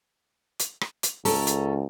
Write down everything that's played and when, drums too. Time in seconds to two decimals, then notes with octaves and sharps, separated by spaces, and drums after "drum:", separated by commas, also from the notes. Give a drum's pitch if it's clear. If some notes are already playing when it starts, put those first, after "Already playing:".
0.60 drum: hi-hat
0.81 drum: rim click
1.03 drum: hi-hat
1.25 C#2 C#4 A4 A#5, drum: open hi-hat
1.47 drum: hi-hat